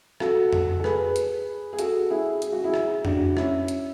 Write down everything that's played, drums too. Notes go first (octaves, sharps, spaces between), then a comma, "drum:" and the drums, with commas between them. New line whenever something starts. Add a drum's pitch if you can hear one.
F#4 A4, drum: rim click
drum: tom F2
A4
G#4 B4, drum: rim click
drum: hi-hat
G#4
F#4 A4, drum: hi-hat
E4 G#4
G#4, drum: hi-hat
F#4
E4 G#4
drum: rim click
D4 F#4, drum: tom F2
C#4 E4, drum: rim click
drum: hi-hat